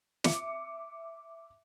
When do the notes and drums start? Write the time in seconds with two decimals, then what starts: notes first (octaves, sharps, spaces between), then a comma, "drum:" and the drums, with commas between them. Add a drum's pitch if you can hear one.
0.24 E5 D6 C#7, drum: snare